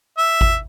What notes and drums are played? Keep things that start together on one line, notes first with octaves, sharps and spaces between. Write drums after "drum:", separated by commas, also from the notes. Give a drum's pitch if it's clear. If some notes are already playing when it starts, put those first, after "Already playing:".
E5
drum: kick G#1